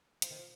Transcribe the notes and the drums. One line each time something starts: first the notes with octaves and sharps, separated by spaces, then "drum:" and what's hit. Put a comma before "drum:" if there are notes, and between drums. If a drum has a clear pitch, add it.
F3, drum: hi-hat
D#3
F3